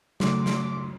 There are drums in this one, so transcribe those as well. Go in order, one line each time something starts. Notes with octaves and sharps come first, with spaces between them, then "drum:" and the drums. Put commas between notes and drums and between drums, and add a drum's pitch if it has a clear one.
C#3 F#3 A3 C6 D6, drum: snare
drum: snare